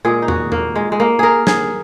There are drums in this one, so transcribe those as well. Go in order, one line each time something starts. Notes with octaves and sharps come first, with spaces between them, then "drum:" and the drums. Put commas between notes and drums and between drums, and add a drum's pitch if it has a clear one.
A#2 G#3 G#4
D#4
F#4, drum: tom E2
A#3, drum: tom E2
G#3
G#3
A#3
G#4 A#4
G#4, drum: snare